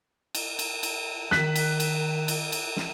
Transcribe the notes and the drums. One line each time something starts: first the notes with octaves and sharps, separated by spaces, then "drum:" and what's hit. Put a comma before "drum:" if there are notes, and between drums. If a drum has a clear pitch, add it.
drum: cymbal
drum: cymbal
drum: cymbal
D#3 F#6 B6, drum: snare
drum: cymbal
drum: cymbal
drum: cymbal
drum: cymbal
drum: snare